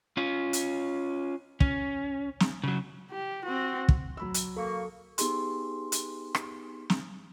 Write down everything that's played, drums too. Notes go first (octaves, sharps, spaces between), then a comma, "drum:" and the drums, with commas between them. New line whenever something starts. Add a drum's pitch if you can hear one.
C#4 F4
drum: hi-hat
C#4, drum: kick
drum: snare
C#3 F#3
G4
C4 F#4
drum: kick
F#3 B5 E6
drum: hi-hat
A#3 A4 C#6
B3 D#4 G4 G#4 C6, drum: hi-hat
drum: hi-hat
drum: rim click
drum: snare